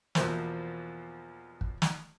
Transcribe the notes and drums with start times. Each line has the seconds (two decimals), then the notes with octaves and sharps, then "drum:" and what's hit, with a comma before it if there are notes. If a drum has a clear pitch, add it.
0.15 E2 B2 F3 A#3 C5 E5, drum: snare
1.61 drum: kick
1.82 drum: snare